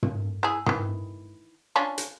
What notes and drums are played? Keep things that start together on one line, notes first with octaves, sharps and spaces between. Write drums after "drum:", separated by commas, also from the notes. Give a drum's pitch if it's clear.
drum: tom
E4 G#4
D#3 E3, drum: tom
C#4 D4 F4
drum: hi-hat